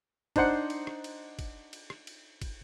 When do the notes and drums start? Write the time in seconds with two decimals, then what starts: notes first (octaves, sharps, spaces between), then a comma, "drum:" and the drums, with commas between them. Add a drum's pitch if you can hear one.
0.36 D4 D#4 C5 F#5, drum: kick, cymbal
0.70 drum: cymbal
0.87 drum: rim click
1.04 drum: cymbal
1.39 drum: kick, cymbal
1.73 drum: cymbal
1.90 drum: rim click
2.07 drum: cymbal
2.42 drum: kick, cymbal